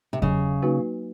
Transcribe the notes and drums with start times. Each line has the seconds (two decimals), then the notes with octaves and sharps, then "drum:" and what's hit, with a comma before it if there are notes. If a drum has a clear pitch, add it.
0.13 C3
0.22 C#3 F#3, drum: kick E2
0.62 A#3 D#4 F#4 B4